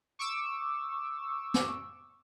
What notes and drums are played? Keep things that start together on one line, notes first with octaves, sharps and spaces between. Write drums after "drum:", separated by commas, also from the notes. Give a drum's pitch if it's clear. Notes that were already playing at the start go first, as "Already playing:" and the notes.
C#6 D6 E6
drum: snare